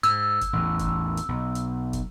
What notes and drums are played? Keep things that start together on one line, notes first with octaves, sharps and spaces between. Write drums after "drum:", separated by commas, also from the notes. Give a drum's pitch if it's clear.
G#2 E6, drum: hi-hat
drum: kick, hi-hat
A1 E2
drum: kick, hi-hat
drum: hi-hat
B1
drum: hi-hat
drum: kick, hi-hat